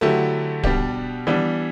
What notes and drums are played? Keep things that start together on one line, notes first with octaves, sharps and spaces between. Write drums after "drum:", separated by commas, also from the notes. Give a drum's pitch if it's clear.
D3 F#3 A3 E4 G4
B2 G3 D4 G4, drum: kick D1
E3 G3 B3 D4